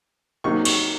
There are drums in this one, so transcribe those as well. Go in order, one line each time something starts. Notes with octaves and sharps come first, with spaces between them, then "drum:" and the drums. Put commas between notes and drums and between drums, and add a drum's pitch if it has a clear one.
C3 F#3 A#3 D#4 C#6
C#6, drum: cymbal